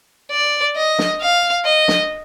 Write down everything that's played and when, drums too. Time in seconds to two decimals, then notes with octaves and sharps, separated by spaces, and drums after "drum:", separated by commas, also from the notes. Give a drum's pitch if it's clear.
0.31 D5
0.77 D#5
0.99 drum: snare
1.21 F5
1.65 D#5
1.88 drum: snare